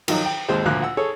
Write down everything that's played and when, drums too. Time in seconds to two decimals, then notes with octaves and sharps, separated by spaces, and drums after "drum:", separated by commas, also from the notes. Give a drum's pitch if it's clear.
0.08 D#3 F3 F#3 D#4, drum: cymbal
0.25 G5
0.49 G#1 D#2 G#3 C5
0.66 D2 A#2 F3 F5 D6 F#6
0.82 F#5 E6
0.97 G#4 A4 C#5